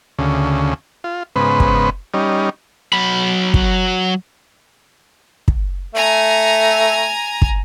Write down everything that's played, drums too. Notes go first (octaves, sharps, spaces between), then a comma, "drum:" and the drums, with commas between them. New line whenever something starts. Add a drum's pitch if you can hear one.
D2 C#3
F4
G#2 C#3 B3 B4 C5
drum: kick
G3 C#4 D#4
F#3 B5
drum: kick
drum: kick
A3 G#5 A#5
drum: kick